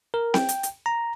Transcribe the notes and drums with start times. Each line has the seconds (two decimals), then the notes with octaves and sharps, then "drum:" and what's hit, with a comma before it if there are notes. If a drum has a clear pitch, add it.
0.14 A#4
0.34 G5, drum: snare C4
0.49 drum: hi-hat
0.63 drum: hi-hat
0.86 A#5